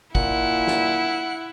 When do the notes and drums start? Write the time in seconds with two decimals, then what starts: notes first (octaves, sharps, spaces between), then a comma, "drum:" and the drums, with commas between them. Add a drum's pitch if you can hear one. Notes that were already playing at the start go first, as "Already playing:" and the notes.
0.15 A#2 E4 F#5, drum: kick
0.67 drum: snare